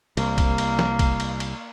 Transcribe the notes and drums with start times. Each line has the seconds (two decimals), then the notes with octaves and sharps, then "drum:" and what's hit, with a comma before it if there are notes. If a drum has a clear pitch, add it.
0.17 C2 A#3, drum: cymbal
0.38 drum: kick B1, cymbal
0.58 drum: cymbal
0.79 drum: snare
0.99 drum: kick B1, cymbal
1.20 drum: cymbal
1.40 drum: cymbal